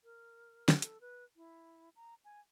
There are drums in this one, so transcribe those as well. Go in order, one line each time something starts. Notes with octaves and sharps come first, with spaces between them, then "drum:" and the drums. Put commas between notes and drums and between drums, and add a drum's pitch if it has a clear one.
A#4
drum: snare
A4, drum: hi-hat
B4
E4
A#5
G#5